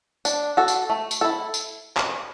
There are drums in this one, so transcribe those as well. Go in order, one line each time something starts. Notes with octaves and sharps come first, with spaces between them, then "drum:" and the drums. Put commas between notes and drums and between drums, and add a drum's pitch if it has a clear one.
D4, drum: tambourine
F#4 A4
drum: tambourine
A3
drum: tambourine
E4 A4
drum: tambourine
drum: clap